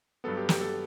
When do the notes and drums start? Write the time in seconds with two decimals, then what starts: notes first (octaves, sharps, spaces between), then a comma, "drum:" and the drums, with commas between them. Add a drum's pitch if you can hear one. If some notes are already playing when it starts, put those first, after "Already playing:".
0.24 G2 F#3 B3 A4
0.37 G4
0.49 G4, drum: snare
0.61 A4